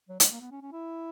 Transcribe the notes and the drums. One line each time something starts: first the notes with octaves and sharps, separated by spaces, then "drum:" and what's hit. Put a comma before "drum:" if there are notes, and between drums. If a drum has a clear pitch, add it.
F#3
G#3, drum: hi-hat
A#3
B3
C#4
C#4
E4